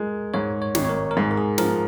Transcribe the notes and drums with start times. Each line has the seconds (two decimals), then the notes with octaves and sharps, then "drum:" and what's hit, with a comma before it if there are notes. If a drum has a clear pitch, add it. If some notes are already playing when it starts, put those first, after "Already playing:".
Already playing: G#3 A#4
0.34 G#2 C#5
0.62 C#5
0.75 G#1, drum: snare
0.85 C#5
0.89 A#4
1.11 A#4
1.17 G#2 G#4
1.31 A#4
1.38 G#4
1.58 F3 A#4, drum: snare